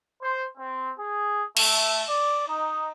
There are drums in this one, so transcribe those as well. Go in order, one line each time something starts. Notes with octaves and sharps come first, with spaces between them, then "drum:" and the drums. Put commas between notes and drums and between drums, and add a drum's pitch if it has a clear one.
C5
C4
G#4
A3, drum: cymbal
D5
D#4